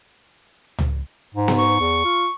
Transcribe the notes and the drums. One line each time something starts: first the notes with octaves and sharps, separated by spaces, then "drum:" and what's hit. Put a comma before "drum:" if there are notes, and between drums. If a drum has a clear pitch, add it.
drum: tom C#2
G#2
drum: snare B3
C#6
E2
F4